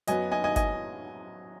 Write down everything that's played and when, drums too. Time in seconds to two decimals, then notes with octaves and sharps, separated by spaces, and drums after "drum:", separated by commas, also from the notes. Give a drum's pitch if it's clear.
0.07 F#2 F#3 B3 D#5 G#5, drum: hi-hat
0.32 D#5 G#5
0.44 D#5 G#5
0.56 D#5 G#5, drum: kick G1, hi-hat